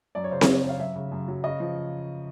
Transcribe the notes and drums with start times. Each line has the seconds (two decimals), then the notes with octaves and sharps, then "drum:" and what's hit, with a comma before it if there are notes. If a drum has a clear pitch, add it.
0.15 F#2 D5
0.24 C#5
0.31 C#3 C5
0.41 C#5, drum: snare C4
0.47 F#2
0.64 F#2
0.69 F5
0.79 F#2 E5
0.96 C#3
1.12 F#2
1.28 F#3
1.44 C#3 D#5
1.60 F3